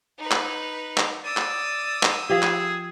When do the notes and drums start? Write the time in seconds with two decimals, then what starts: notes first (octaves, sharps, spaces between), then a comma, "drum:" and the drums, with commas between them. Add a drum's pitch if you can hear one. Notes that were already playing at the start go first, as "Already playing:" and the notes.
0.18 D#4 B4
0.32 drum: clap
0.97 drum: clap
1.24 D5 D#6 E6
1.37 drum: clap
2.03 drum: clap
2.29 F3 G4 G#4
2.43 drum: clap